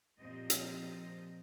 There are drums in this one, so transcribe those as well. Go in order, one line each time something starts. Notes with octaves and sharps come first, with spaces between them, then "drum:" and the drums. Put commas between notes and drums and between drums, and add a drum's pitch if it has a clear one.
A#2 F3 C4 G4 D#5
drum: hi-hat